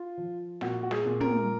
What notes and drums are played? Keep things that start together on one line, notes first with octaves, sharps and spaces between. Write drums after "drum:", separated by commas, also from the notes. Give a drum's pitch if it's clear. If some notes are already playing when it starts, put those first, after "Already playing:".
Already playing: F4
F3
A#2 F#4, drum: snare
F#4
G#4, drum: snare
A#2
A#4, drum: tom